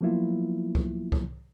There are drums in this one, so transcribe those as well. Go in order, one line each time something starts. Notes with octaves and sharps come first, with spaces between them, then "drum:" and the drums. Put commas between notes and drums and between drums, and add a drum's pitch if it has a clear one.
F3 F#3 A#3 B3 E4 F4
drum: kick C2
drum: kick C2